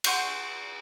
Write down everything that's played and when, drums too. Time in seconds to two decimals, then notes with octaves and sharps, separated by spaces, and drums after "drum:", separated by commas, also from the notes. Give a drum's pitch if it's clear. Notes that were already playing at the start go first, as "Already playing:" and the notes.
0.04 F#5 C6 C#6 G6 C7 D#7, drum: cymbal